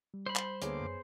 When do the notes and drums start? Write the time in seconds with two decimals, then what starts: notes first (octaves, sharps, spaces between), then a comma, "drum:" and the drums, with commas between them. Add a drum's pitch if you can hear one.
0.14 G3
0.26 C5 B5
0.36 drum: clap
0.62 D2 A#3 B3 G#4 C#5 D6, drum: hi-hat
0.81 F#2